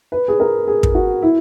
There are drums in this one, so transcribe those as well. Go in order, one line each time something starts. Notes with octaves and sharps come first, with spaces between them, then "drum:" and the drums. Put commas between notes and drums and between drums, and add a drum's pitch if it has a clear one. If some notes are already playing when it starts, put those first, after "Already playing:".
B4
G#4
A#4
G#4
drum: kick
F#4
E4